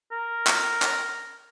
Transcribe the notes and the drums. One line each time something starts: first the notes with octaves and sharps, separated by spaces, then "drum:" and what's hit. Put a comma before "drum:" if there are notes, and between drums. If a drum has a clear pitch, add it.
A#4
drum: clap
drum: clap